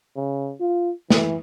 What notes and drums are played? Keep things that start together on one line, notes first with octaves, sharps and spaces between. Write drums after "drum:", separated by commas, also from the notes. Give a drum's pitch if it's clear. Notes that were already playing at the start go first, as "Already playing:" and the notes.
C#3
F4
E3, drum: snare